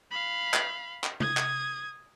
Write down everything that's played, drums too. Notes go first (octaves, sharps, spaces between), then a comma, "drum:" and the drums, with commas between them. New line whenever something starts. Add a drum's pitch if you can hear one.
F5 B5
drum: clap
drum: clap
D#6 G#6, drum: tom C3
drum: clap